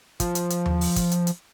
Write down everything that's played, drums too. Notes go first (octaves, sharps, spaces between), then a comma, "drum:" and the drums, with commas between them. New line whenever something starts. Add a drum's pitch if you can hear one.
F3, drum: kick, hi-hat
drum: hi-hat
drum: hi-hat
drum: tom D#2
drum: open hi-hat
drum: kick, hi-hat
drum: hi-hat
drum: hi-hat